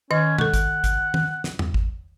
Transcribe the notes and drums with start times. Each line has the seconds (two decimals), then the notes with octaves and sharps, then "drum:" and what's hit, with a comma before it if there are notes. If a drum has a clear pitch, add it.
0.11 D#3 C#4 D#5
0.39 A4 F#5 C#6, drum: tom B2
0.54 drum: kick, hi-hat
0.84 drum: kick, hi-hat
1.14 drum: tom D#3
1.44 drum: snare
1.59 drum: tom E2
1.74 drum: kick